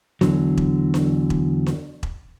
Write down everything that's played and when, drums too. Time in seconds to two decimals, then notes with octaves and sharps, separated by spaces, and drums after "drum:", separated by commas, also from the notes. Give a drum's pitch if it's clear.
0.21 E2 D3 F#3, drum: snare D4
0.57 drum: kick E1
0.94 drum: snare D4
1.30 drum: kick E1
1.66 drum: snare D4
2.03 drum: kick E1